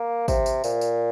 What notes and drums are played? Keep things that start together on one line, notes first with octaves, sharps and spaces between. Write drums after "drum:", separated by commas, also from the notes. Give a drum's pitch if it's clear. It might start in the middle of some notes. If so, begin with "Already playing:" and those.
Already playing: A#3
C3, drum: kick, tambourine
drum: tambourine
A#2, drum: tambourine
drum: tambourine